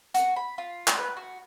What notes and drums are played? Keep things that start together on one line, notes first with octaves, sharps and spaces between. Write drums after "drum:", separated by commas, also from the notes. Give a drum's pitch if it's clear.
F#4, drum: hi-hat
B5
F4
drum: clap
B4
F#4